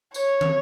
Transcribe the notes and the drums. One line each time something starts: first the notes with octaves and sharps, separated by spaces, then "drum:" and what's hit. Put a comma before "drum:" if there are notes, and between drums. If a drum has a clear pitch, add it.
C#5, drum: tambourine
drum: tom